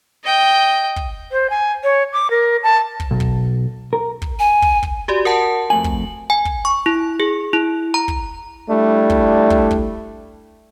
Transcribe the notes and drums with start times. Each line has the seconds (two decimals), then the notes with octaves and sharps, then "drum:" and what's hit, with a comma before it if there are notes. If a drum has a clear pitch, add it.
0.24 D#5 G5
0.96 drum: kick
1.32 C5
1.50 G#5
1.84 C#5
2.13 D6
2.30 A#4
2.63 A5
3.00 drum: kick
3.11 B1
3.20 drum: kick
3.93 A#4
4.22 drum: kick
4.39 G#5
4.62 drum: kick
4.83 drum: kick
5.08 F#4 G4 D5
5.25 A#4 F#5 A5
5.70 F2 A3 G#5 F#7
5.84 drum: kick
6.30 G#5
6.45 drum: kick
6.65 C#6
6.86 E4
7.20 G#4
7.53 E4
7.94 A#5
8.08 drum: kick
8.69 G3 A3 D4 E4
9.10 drum: kick
9.50 drum: kick
9.71 drum: kick